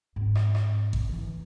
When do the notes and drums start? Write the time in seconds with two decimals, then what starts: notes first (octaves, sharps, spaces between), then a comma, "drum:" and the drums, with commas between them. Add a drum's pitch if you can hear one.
0.16 G#2 C4
0.35 drum: rim click
0.55 drum: rim click
0.93 drum: kick G#1
1.09 E3 D#4